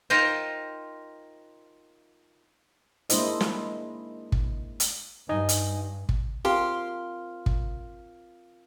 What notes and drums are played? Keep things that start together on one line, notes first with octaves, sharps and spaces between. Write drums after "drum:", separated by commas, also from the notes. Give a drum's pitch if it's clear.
D#4 F4 A#4 C5 D#5 G5
G#3 A#3 D4 E4 C5 D#5, drum: hi-hat
drum: snare
drum: kick
drum: hi-hat
G2 D#4 D#5 G#5
drum: hi-hat
drum: kick
C4 F4 G4 A#4 F5 C6 F6
drum: kick